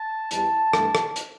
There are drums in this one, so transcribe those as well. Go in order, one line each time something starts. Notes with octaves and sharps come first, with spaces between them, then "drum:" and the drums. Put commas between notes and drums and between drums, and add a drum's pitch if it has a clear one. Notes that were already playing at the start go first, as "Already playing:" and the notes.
Already playing: A5
E2 E3 G3 A5, drum: hi-hat
G2 E3 A3, drum: rim click
drum: rim click
drum: hi-hat